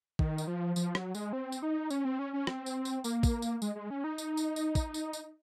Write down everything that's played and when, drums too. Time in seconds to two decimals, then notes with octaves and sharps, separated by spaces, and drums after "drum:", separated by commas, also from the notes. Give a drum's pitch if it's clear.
0.19 D#3, drum: kick
0.38 drum: tambourine
0.47 F3
0.76 F3, drum: tambourine
0.95 F#3, drum: rim click
1.15 G#3, drum: tambourine
1.33 C4
1.52 drum: tambourine
1.62 D#4
1.90 C#4, drum: tambourine
2.05 C4
2.19 C#4
2.33 C#4
2.47 C4, drum: rim click
2.66 drum: tambourine
2.85 drum: tambourine
3.04 A#3, drum: tambourine
3.23 drum: kick, tambourine
3.42 drum: tambourine
3.62 G#3, drum: tambourine
3.75 G#3
3.90 C#4
4.04 D#4
4.18 drum: tambourine
4.37 drum: tambourine
4.56 drum: tambourine
4.75 drum: kick, tambourine
4.94 drum: tambourine
5.13 drum: tambourine